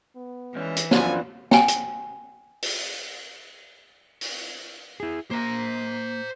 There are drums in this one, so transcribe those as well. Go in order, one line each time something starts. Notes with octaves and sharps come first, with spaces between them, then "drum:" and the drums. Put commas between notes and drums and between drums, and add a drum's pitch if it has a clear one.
B3
G#2 E3 C#4
drum: hi-hat
F#2 F3 B3 D4 F4 B4 G#5, drum: snare
G5 G#5, drum: snare
drum: hi-hat
drum: open hi-hat
drum: open hi-hat
E4 G#4
A#3 C5 A#5